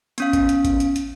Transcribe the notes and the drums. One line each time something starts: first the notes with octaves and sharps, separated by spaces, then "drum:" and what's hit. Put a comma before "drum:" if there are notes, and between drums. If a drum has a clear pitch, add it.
B3 C#4 F5, drum: hi-hat
drum: kick, hi-hat
drum: hi-hat
drum: kick, hi-hat
drum: hi-hat
drum: hi-hat